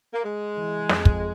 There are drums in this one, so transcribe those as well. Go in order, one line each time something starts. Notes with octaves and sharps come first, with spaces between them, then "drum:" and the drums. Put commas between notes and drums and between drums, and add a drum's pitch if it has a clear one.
A#3
G#3
E3
F2, drum: snare
drum: kick